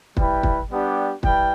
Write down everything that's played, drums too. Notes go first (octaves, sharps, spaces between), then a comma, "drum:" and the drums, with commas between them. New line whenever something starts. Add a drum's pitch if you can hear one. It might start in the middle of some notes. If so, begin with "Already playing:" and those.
G3 E4 B4 G5, drum: kick
drum: kick
G3 B3 D4 G4
G3 E4 B4 G5, drum: kick